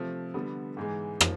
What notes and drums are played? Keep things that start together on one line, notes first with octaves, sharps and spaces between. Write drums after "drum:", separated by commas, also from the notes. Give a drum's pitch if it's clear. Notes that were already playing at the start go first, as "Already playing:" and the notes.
Already playing: C3 F3 A3
D3 G3 B3
G#2 E3 G#3
F3, drum: rim click